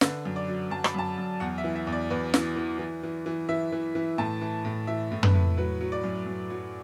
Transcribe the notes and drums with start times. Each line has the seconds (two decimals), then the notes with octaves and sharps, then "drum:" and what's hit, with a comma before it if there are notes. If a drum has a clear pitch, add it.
0.01 D3 B4, drum: snare
0.25 F#2
0.36 D5
0.48 F#3
0.71 F#2 A5
0.84 B5, drum: rim click
0.95 F#2 A5
1.18 F#2
1.40 E2 F#5
1.58 E5
1.64 E3
1.75 E5
1.87 E2
1.92 D5
2.10 E2 B4
2.34 E3, drum: snare
2.56 E3
2.79 E3
3.03 E3
3.26 E3
3.49 E3 E5
3.72 E3
3.95 E3
4.18 A2 A5
4.41 E3
4.65 A2
4.87 E3 E5
5.11 A2
5.23 B4, drum: tom
5.34 A2
5.57 F#3 B4
5.81 F#3
5.92 D5
6.04 F#2
6.27 F#2
6.50 F#3